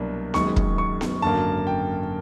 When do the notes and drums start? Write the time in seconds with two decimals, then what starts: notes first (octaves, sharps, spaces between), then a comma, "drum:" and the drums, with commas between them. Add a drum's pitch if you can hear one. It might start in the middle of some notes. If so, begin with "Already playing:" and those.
Already playing: C2 B2 F#3 A#3 D4
0.34 F#1 F#2 D#3 G#3 C#6, drum: snare B3
0.56 drum: kick
0.78 C#6
1.01 drum: snare B3
1.22 G#1 F#2 D3 F#3 A#3 A5
1.67 G5